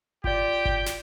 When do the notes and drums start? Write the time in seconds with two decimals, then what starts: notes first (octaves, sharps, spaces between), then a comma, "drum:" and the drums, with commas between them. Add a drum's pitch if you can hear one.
0.24 F4 G4 D5 G5, drum: kick G1
0.66 drum: kick G1
0.86 drum: snare